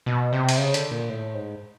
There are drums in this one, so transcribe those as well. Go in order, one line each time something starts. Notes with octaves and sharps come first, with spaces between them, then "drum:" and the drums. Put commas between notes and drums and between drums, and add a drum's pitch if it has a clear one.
B2
C3
drum: cymbal
C#3
D3, drum: hi-hat
A#2
A2
G#2